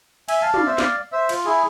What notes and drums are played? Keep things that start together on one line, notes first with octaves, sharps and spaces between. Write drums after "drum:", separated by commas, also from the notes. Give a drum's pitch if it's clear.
E5 G#5, drum: cymbal
F5 A5
D5 F5, drum: tom
C5 E5
D5 F5, drum: snare
C5 E5
F4, drum: cymbal
E4 G#4